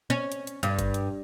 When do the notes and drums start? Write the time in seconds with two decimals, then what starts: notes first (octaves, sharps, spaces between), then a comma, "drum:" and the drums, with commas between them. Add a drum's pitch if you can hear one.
0.10 C#4
0.32 drum: hi-hat
0.47 drum: hi-hat
0.63 G2, drum: hi-hat
0.79 drum: kick, hi-hat
0.94 drum: hi-hat